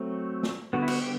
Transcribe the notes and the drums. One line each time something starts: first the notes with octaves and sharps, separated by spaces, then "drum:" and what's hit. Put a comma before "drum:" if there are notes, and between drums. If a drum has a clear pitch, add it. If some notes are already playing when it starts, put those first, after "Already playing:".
Already playing: F#3 A3 C4
drum: snare
D3 G3 B3 F#4
E4
F#4, drum: cymbal
G4